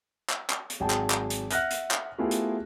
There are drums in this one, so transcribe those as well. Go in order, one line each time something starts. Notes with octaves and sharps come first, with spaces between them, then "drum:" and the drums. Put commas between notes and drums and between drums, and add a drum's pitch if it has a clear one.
drum: clap
drum: clap
drum: hi-hat
G#1 F#3 G#4 G5 A5
drum: clap
drum: clap
drum: hi-hat
E5 F#5 F6 F#6 A#6, drum: hi-hat
drum: hi-hat
drum: clap
A3 B3 E4 F4 G4 G#4
drum: hi-hat